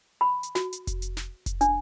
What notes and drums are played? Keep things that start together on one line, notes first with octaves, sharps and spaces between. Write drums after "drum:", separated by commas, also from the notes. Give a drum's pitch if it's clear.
B5
drum: hi-hat
F#4, drum: snare
drum: hi-hat
drum: kick F1, hi-hat
drum: hi-hat
drum: snare
drum: kick F1, hi-hat
D4, drum: hi-hat